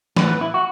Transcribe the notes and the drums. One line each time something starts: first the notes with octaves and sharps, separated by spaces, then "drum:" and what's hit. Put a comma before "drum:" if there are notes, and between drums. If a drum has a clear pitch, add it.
A2 E3 B3 B4, drum: snare
B4
E4
F#4